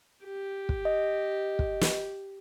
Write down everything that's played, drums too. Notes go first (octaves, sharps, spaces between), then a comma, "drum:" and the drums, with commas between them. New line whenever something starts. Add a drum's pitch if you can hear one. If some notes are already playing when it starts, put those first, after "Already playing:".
G4
drum: kick
D#5
drum: kick
drum: snare